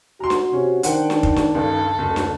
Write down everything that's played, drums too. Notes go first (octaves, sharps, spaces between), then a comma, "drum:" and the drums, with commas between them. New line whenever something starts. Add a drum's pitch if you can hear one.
F#4 A#5 C6
drum: snare
C3 C#4
D#3 D4 C5 F#5 G5, drum: hi-hat
drum: snare
drum: kick
drum: snare
C#2 G2 A4
F#1 D2
drum: snare